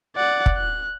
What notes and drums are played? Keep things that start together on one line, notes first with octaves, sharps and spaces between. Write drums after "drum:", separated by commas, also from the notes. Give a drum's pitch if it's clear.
D5 F#5
drum: kick
F#6